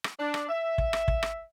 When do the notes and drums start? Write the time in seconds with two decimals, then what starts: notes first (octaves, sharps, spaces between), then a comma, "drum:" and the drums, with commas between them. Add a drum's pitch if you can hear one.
0.04 drum: rim click
0.19 D4
0.34 drum: rim click
0.49 E5
0.78 drum: kick
0.93 drum: rim click
1.08 drum: kick
1.23 drum: rim click